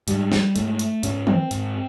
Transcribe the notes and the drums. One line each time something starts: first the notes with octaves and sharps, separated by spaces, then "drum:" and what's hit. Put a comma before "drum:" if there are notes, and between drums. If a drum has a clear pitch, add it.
G#2 G3, drum: hi-hat
drum: snare
G#2 A3, drum: hi-hat
drum: hi-hat
G#2 C#4, drum: hi-hat
C4, drum: tom
G#2, drum: hi-hat